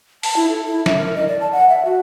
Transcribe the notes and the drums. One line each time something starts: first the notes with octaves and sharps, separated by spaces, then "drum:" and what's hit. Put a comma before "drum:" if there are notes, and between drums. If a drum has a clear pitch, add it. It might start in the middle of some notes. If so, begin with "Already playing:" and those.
A5, drum: open hi-hat
E4
A4
E4
E5, drum: snare
A#4
D#5
D5
A5
F#5
E5
F#4